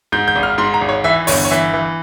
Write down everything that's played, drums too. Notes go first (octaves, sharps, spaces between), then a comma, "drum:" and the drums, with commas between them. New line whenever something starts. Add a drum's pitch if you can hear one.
G#2 G6
G6
G#1
F6
G#2 C6
A#5
G#1
C#5
E3 E5
G1 C#5, drum: open hi-hat
C#5
E3 E5
E3